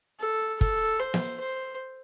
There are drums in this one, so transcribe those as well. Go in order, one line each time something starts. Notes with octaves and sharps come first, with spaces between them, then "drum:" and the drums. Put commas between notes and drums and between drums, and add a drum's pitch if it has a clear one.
A4
A4, drum: kick
C5
drum: snare
C5